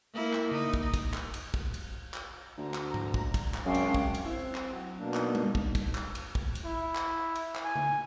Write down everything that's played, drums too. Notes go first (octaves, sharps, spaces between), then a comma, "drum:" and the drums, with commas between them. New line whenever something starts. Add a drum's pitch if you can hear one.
A#3 E4
drum: clap
D#4, drum: tom C#3
drum: kick
drum: kick, cymbal
drum: clap
drum: cymbal
drum: kick
drum: cymbal
drum: clap
D2 A#5
drum: clap
drum: tom G#2
drum: kick
drum: kick, cymbal
drum: clap
F#2 C3 G#3 C#4 D4 F5 G5
drum: cymbal
drum: kick
drum: cymbal
C4 E4
drum: clap
F#3
B2 A#3 D4
D#4, drum: clap
drum: tom G3
drum: kick
drum: kick, cymbal
drum: clap
drum: cymbal
drum: kick
drum: cymbal
E4
drum: clap
drum: cymbal
drum: clap
G#5
drum: tom C#3